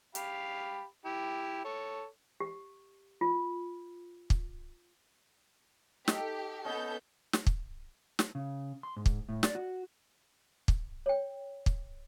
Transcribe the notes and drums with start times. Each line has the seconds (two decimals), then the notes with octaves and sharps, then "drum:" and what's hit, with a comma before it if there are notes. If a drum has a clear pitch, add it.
0.15 G4 F5 B5, drum: hi-hat
1.05 E4 G4
1.65 A4 C#5
2.40 G4
3.21 F4
4.30 drum: kick
6.08 D#4 G4 A4, drum: snare
6.65 B3 C#4 A4 D#5 G6
7.33 drum: snare
7.47 drum: kick
8.19 drum: snare
8.35 C#3
8.83 C6
8.96 G#2
9.06 drum: kick
9.29 A2
9.43 D5, drum: snare
9.55 F#4
10.68 drum: kick
11.06 C#5 G5
11.66 drum: kick